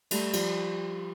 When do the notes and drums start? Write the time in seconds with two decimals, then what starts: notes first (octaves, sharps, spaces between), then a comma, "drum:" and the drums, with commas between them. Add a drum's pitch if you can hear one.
0.11 G3 A3, drum: cymbal
0.33 F3 G3, drum: cymbal